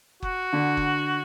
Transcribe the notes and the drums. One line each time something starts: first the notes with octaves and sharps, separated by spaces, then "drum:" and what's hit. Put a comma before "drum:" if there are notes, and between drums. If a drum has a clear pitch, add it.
F#4, drum: kick F#1
D3
drum: kick F#1